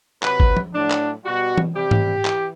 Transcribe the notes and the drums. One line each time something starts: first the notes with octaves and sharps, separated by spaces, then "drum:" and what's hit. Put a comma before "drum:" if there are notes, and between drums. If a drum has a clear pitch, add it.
C3 F#3 B4, drum: clap
drum: kick
drum: tom F3
A2 F#3 D4
drum: clap
B2 G3 F#4
drum: tom E3
C3 G3 G4
drum: tom G#2
E3, drum: clap